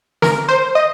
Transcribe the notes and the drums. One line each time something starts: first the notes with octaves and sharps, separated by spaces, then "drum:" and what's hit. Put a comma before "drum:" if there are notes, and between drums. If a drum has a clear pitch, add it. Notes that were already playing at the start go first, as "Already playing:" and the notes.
A#4, drum: snare
C5
D#5